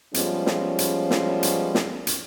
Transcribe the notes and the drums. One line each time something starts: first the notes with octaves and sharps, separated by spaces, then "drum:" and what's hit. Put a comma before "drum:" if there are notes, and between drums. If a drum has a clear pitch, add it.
F3 G3 G#3 B3 C#4, drum: hi-hat
drum: snare
drum: hi-hat
drum: snare
drum: hi-hat
drum: snare
drum: hi-hat